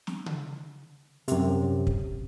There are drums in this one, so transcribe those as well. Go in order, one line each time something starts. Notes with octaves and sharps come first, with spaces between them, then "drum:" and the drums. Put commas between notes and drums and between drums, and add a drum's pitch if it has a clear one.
drum: snare
drum: tom C#3
F#2 C3, drum: hi-hat
drum: kick